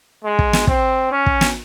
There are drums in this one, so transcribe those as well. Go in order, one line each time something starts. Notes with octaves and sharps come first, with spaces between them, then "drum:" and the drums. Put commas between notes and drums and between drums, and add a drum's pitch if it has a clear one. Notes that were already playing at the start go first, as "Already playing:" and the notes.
G#3
drum: kick
drum: snare
C4, drum: kick
C#4
drum: kick
drum: snare